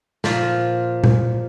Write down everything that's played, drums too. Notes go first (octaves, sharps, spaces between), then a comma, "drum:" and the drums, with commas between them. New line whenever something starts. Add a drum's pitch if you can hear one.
A#2 F3, drum: snare
drum: tom A#2